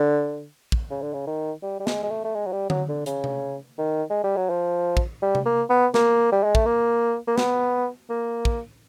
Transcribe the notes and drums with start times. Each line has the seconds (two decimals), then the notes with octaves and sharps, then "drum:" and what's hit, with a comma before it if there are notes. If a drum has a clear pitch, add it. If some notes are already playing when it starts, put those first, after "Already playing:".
Already playing: D3
0.72 drum: kick
0.90 C#3
1.02 D3
1.14 C#3
1.27 D#3
1.62 G3
1.80 G3
1.87 G#3, drum: snare
2.03 G#3
2.10 A3
2.25 A3
2.35 G#3
2.46 F#3
2.52 G3
2.70 F#3, drum: tom D3
2.89 D3
3.06 C#3, drum: hi-hat
3.24 drum: tom C3
3.78 D#3
4.10 G#3
4.24 G3
4.37 F#3
4.50 F3
4.97 drum: kick
5.22 G3
5.35 drum: tom C3
5.46 A#3
5.70 B3
5.94 A#3, drum: snare
6.32 G3
6.44 G#3
6.55 A3, drum: kick
6.66 A#3
7.28 A#3
7.38 B3, drum: snare
8.10 A#3
8.45 drum: kick